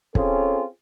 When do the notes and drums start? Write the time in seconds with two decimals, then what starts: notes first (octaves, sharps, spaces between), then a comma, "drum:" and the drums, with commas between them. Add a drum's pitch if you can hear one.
0.15 C4 C#4 F4 G#4 A4, drum: kick